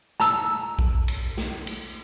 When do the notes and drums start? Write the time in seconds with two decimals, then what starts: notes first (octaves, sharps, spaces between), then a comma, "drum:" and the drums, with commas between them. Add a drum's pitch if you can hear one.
0.20 A5 A#5 E6, drum: snare
0.79 drum: kick A#1
1.08 drum: cymbal
1.38 drum: snare
1.67 drum: cymbal